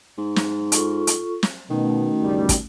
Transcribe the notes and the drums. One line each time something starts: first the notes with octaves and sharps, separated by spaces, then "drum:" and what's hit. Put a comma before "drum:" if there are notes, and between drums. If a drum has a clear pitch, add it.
G#2
drum: snare
F4 A4 C#6, drum: hi-hat
drum: hi-hat
drum: snare
B2 D#3 A3 C#4 F#4
G1 C#2 G3
drum: kick, hi-hat